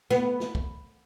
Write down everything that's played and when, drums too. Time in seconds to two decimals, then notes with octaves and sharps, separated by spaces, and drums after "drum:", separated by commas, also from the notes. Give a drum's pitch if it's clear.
0.11 B3, drum: snare
0.40 drum: snare
0.55 drum: kick